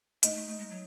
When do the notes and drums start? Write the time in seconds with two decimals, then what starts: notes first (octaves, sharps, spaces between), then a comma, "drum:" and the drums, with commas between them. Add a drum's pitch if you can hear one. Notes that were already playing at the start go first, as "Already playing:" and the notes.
0.23 A3 D#4, drum: hi-hat
0.35 A3
0.47 A3
0.58 G#3
0.70 F#3